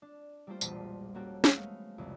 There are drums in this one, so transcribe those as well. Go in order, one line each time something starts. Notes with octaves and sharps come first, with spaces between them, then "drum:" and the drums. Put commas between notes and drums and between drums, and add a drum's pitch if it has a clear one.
D4
G3 A3 A#3 F4 A4 C5
E1 A#1 A5 C6 B6 D#7, drum: tambourine
A#3 C#4 F#4 G4 A4
drum: snare
G#3 A3 B3 F5
C2 F2 C#3